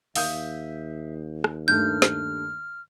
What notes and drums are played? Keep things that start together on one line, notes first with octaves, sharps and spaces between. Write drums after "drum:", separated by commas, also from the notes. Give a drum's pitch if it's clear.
D#2 E5 F5 D#6 G6, drum: open hi-hat
drum: rim click
G2 D#3 A3 F6 G6
drum: snare